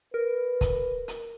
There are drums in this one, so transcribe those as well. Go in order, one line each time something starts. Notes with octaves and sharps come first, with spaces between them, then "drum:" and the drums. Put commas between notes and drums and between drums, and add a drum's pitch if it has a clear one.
A#4 B4
drum: kick, hi-hat
drum: hi-hat